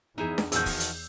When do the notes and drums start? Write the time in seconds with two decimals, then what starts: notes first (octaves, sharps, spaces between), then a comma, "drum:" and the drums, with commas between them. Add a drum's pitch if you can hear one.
0.18 E2 D#4 E4 G#4
0.38 drum: snare D4
0.52 B2 D#3 F3 F#4 G#4 E6 G6, drum: hi-hat
0.66 drum: kick, open hi-hat
0.80 drum: hi-hat